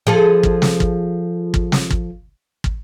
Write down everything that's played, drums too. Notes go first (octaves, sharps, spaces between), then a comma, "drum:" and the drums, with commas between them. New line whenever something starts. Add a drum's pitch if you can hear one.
F3 G#4 A4
drum: kick
drum: snare
drum: kick
drum: kick
drum: snare
drum: kick
drum: kick